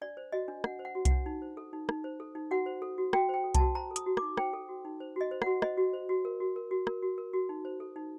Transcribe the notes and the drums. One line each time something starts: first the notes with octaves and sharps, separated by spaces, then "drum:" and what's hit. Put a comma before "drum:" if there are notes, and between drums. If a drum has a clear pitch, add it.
D4 D5
C5
F#4 D#5
D4
D4 F#5, drum: rim click
C5
F#5
F#4
F#5, drum: kick C2, hi-hat
D4
D#4
C5
A4
D#4
D#4, drum: rim click
C5
A4
D#4
F#4 F#5
C5
A4
F#4
F#4 G5, drum: rim click
C5 G5
A4
A5, drum: kick C2, hi-hat
F#4
C5 A#5
A4
D#6, drum: hi-hat
F#4
D6, drum: rim click
D#4
C5 G5, drum: rim click
A4
F#4
D#4
C5
F#4 D#5
C5
F#5, drum: rim click
F#4
C5 D#5, drum: rim click
F#4
C5
F#4
A#4
F#4
A#4
F#4
A#4, drum: rim click
F#4
A#4
F#4
D#4
C5
A4
D#4